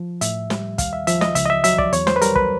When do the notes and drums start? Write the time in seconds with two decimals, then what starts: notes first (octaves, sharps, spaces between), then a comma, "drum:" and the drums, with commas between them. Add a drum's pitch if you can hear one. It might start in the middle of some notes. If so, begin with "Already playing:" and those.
Already playing: F3
0.21 A2 E5, drum: hi-hat
0.50 G3, drum: snare
0.78 D#2 F5, drum: kick, hi-hat
0.93 E5
1.07 F3 E5, drum: hi-hat
1.21 D#5, drum: snare
1.35 C#2 E5, drum: hi-hat
1.46 D#5
1.50 E5
1.64 F#3 E5, drum: hi-hat
1.78 D5, drum: kick
1.93 E2 C#5, drum: hi-hat
2.07 C5, drum: snare
2.16 B4
2.22 G3 A#4, drum: hi-hat
2.36 B4, drum: kick